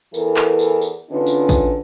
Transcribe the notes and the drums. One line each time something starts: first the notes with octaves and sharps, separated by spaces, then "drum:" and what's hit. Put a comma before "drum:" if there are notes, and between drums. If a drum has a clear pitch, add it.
E2 E3 A4 A#4, drum: tambourine
drum: clap
drum: tambourine
drum: tambourine
E2 D3 C#4 D#4 F4 B4
drum: tambourine
drum: kick A1, tambourine